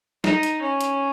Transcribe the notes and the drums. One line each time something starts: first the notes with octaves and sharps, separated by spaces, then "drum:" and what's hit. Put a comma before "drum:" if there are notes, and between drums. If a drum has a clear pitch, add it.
D#4, drum: snare
drum: hi-hat
C#4
drum: hi-hat